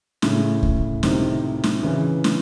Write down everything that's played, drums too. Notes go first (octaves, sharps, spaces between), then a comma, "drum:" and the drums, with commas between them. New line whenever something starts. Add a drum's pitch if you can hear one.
A2 C#3, drum: snare
drum: kick C#2
C3 D#3, drum: snare
drum: snare
C#3 E3
drum: snare